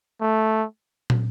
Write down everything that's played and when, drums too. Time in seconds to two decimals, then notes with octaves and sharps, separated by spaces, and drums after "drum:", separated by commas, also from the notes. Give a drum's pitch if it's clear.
0.21 A3
1.10 drum: tom